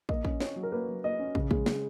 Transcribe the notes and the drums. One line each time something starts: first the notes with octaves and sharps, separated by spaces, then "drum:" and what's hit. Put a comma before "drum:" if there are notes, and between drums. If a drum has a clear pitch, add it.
A#3 D#5, drum: kick
C#4, drum: kick
C#4 C#5, drum: snare
F#3
A#4
A#3 B4
F#3
A#3 D#5
C#4
C#3, drum: kick
G#3, drum: kick
G#3, drum: snare